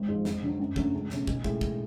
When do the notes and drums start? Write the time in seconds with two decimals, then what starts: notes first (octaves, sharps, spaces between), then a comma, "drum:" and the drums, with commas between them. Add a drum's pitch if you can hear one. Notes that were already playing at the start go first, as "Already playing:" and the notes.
Already playing: G#1
0.08 G#2 F3
0.25 F2, drum: snare
0.42 D3 F#3
0.59 F#2
0.76 D3 F#3 A3 C#4, drum: kick
0.94 C#2
1.10 B2 A3 C#4, drum: snare
1.27 B1, drum: kick
1.44 A2 G#3, drum: kick
1.61 drum: kick